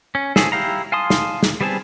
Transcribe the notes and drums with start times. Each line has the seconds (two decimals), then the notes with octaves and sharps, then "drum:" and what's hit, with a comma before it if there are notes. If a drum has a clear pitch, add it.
0.15 C#4
0.36 F3 C#4 G#4 A4, drum: snare
0.52 E4 G4 F5 A#5
0.92 F5 G#5 A5 C6 D#6
1.10 drum: snare
1.43 drum: snare
1.61 G3 B3 C4 G#4 A5